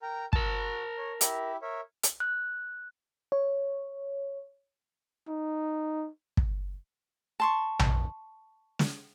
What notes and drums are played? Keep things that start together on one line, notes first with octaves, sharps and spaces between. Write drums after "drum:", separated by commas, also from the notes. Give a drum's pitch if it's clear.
A#4 G5 A#5
F#4 A#4 A5, drum: kick
C#5
E4 G4 E5, drum: hi-hat
A#4 C#5 E5
drum: hi-hat
F#6
C#5
D#4
drum: kick
A5 C6 C#6
drum: tom A#1
drum: snare